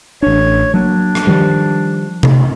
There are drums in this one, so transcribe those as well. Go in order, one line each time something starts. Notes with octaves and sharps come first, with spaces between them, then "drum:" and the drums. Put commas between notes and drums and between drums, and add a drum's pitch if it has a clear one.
A1 D4 C#5
F#3 A#3 D4
drum: rim click
D#3 F3 G3
drum: tom C3